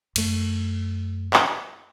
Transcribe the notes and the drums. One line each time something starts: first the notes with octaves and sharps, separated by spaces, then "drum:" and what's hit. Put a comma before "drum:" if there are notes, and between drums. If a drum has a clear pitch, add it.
F#2 A3, drum: cymbal
drum: clap